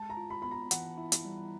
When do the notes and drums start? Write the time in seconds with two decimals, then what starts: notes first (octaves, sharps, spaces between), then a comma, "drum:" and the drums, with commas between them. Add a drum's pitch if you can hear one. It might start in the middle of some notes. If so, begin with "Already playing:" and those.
Already playing: G#3 A5
0.10 A#5
0.17 F4
0.30 B5
0.42 B3 B5
0.51 A#5
0.71 E3 F#5, drum: hi-hat
0.98 E4
1.12 drum: hi-hat
1.25 G3